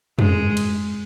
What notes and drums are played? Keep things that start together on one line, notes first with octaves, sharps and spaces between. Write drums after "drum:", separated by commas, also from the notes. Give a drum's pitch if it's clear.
G#3, drum: tom
drum: cymbal